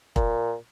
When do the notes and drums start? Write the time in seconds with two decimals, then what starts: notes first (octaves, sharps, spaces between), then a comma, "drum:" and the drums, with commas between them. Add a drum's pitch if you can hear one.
0.16 A#2, drum: kick